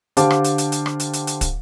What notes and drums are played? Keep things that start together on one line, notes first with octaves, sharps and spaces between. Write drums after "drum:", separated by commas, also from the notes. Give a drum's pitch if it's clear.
D3 G4 C5 F5 A5 D6, drum: hi-hat
drum: rim click
drum: hi-hat
drum: hi-hat
drum: hi-hat
drum: rim click
drum: hi-hat
drum: hi-hat
drum: hi-hat
drum: kick, hi-hat